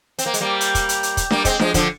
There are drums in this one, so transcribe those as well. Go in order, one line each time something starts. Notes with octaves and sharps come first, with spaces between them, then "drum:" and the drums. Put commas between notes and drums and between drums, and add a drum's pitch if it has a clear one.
C4, drum: hi-hat
A#3
G#3, drum: hi-hat
G3 A#3
drum: hi-hat
drum: kick, hi-hat
drum: hi-hat
drum: hi-hat
drum: kick, hi-hat
G3 A#3, drum: snare D4
G#3 C4, drum: kick, hi-hat
F3 G#3, drum: snare D4
D3 F3, drum: kick, hi-hat